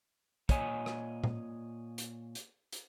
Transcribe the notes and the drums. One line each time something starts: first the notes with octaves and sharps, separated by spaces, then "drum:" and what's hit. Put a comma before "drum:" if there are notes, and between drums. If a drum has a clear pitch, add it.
A#2 C#5 D#5 G#5, drum: kick, hi-hat
drum: rim click
drum: tom A#2
drum: hi-hat
drum: hi-hat
drum: hi-hat